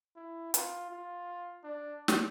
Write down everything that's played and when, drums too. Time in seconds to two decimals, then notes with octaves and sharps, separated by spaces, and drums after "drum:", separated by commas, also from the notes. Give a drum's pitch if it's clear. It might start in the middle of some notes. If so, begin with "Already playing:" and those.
0.16 E4
0.54 F4, drum: hi-hat
0.90 F4
1.64 D4
2.08 drum: snare